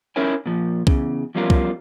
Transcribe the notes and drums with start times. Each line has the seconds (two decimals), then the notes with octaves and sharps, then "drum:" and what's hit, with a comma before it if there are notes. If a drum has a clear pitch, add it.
0.16 C#4 D#4 E4 A#4 C#5 G#5
0.46 A#2 F3
0.87 E2 C#3, drum: kick C2
1.35 E2 F3 G3 C#4 F4 A#4
1.50 drum: kick C2